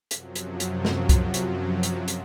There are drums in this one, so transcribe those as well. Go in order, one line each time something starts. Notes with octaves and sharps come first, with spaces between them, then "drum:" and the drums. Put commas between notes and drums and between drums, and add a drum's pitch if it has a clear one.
F#2 C3 F3 F#3, drum: hi-hat
drum: hi-hat
drum: hi-hat
drum: snare
drum: kick C2, hi-hat
drum: hi-hat
drum: hi-hat
drum: hi-hat